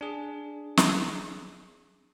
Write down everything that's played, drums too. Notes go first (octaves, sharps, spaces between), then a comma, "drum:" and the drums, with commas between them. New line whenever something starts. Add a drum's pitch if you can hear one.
D4 G#4
drum: snare